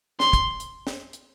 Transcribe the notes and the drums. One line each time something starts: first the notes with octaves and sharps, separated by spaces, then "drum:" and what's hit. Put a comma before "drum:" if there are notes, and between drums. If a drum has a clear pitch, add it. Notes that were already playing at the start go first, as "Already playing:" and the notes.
C6, drum: snare
drum: kick, hi-hat
drum: hi-hat
drum: snare
drum: hi-hat